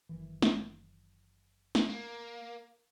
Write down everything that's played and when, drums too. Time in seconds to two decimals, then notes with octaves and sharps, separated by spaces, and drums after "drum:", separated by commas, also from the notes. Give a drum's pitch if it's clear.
0.09 F#1 D#3 E3
0.42 drum: snare
1.75 drum: snare
1.89 A#3